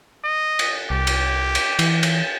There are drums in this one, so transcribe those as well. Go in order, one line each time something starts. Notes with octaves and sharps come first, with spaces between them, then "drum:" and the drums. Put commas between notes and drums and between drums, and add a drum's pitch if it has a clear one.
D#5
drum: cymbal
C2 G4
drum: cymbal
drum: cymbal
E3, drum: cymbal
drum: cymbal